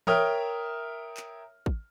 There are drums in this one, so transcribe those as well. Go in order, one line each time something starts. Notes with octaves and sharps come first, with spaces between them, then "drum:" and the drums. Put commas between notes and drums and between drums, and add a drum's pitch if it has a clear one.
A#4 C#5 E5 G5 D#6 F6, drum: tom E3
drum: clap
drum: kick